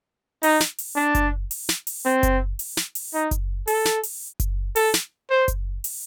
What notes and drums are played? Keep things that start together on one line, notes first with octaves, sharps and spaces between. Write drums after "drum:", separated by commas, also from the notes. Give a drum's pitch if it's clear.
D#4, drum: open hi-hat
drum: snare
drum: open hi-hat
D4
drum: kick F#1, hi-hat
drum: open hi-hat
drum: snare
drum: open hi-hat
C4
drum: kick F#1, hi-hat
drum: open hi-hat
drum: snare
drum: open hi-hat
D#4
drum: kick F#1, hi-hat
A4, drum: open hi-hat
drum: snare
drum: open hi-hat
drum: kick F#1, hi-hat
A4, drum: open hi-hat
drum: snare
C5
drum: kick F#1, hi-hat
drum: open hi-hat